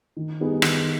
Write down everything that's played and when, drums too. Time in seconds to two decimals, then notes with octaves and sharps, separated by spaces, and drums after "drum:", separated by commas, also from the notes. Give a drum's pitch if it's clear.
0.17 D#3
0.40 G3 B3 D#4 G#4
0.62 D#3, drum: rim click